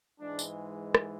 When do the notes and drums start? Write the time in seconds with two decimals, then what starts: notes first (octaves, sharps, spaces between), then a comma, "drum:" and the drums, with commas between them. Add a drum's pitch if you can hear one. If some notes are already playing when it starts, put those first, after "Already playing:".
0.20 G#2 E3 G#3 D4
0.39 drum: tambourine
0.95 drum: rim click